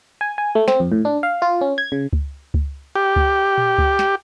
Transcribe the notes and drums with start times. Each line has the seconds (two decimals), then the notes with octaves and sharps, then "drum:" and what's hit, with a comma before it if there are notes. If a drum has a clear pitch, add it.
0.21 G#5
0.38 G#5
0.55 A3
0.68 C4, drum: snare
0.80 F2
0.92 A2
1.05 D4
1.23 F5
1.42 F4
1.61 C#4
1.78 G#6
1.92 C#3
2.13 drum: kick C#2
2.54 drum: kick C#2
2.95 G4
3.16 drum: kick C#2
3.58 drum: tom A#2
3.78 drum: kick C#2
3.99 drum: snare